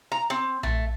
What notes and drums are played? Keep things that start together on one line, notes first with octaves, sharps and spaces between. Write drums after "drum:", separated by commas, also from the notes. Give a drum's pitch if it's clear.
A#5
C4
A3, drum: tom A#1